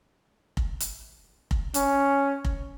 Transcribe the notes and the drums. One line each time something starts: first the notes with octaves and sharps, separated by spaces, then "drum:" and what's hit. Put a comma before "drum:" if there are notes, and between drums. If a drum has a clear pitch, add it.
drum: kick F1
drum: hi-hat
drum: kick F1
C#4, drum: hi-hat
drum: kick F1